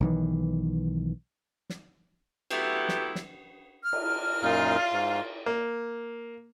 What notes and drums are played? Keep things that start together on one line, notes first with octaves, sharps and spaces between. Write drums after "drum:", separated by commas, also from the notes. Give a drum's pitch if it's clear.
B1 D#3 E3
drum: snare
F#3 A3 B3 E4 G4, drum: cymbal
drum: snare
drum: snare
F6
drum: cymbal
F#2 A#2 D#4 F4 F5
G#2
A#3